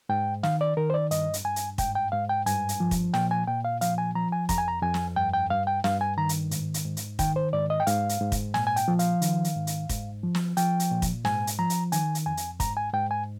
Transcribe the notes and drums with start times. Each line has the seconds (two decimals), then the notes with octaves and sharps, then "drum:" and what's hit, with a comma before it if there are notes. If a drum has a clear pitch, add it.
0.09 G#2 G5
0.43 D#3 F5, drum: snare
0.61 D5
0.77 D#3 A#4
0.90 C5
0.94 D5
1.11 G2 D#5, drum: hi-hat
1.34 drum: hi-hat
1.45 G2 G#5
1.56 drum: hi-hat
1.78 G#2 G5, drum: kick, hi-hat
1.95 G5
2.12 G#2 F5
2.29 G5
2.46 G2 G#5, drum: hi-hat
2.69 drum: hi-hat
2.80 F3
2.91 drum: kick, hi-hat
3.14 A#2 G5, drum: snare
3.31 G#5
3.48 A#2 G5
3.65 F5
3.81 F3 F5, drum: hi-hat
3.98 G#5
4.15 F3 A#5
4.32 G#5
4.49 F2 A#5, drum: kick, hi-hat
4.58 G#5
4.68 A#5
4.82 F2 G#5
4.94 drum: snare
5.16 G2 G5
5.33 G5
5.50 G2 F5
5.67 G5
5.84 G2 F5, drum: snare
6.01 G#5
6.18 D#3 A#5
6.29 drum: hi-hat
6.51 G#2, drum: hi-hat
6.74 drum: hi-hat
6.85 G#2
6.97 drum: hi-hat
7.19 D#3 G5, drum: kick, hi-hat
7.36 C5
7.53 G#2 D5
7.70 D#5
7.80 G5
7.87 G#2 F5, drum: hi-hat
8.09 drum: hi-hat
8.21 G#2
8.32 drum: kick, hi-hat
8.54 A#2 G#5, drum: snare
8.67 G#5
8.76 G5, drum: hi-hat
8.88 F3
8.99 F5, drum: hi-hat
9.22 D#3, drum: hi-hat
9.44 drum: hi-hat
9.56 G#2
9.67 drum: hi-hat
9.89 G#2, drum: kick, hi-hat
10.23 F3
10.35 drum: snare
10.57 F3 G5, drum: hi-hat
10.80 drum: hi-hat
10.91 A#2
11.02 drum: kick, hi-hat
11.25 G#2 G#5, drum: snare
11.47 drum: hi-hat
11.59 F3 A#5
11.70 drum: hi-hat
11.92 D#3 G#5, drum: hi-hat
12.15 drum: hi-hat
12.26 F2 G#5
12.37 drum: hi-hat
12.60 G#2 A#5, drum: kick, hi-hat
12.77 G#5
12.93 G#2 G5
13.11 G#5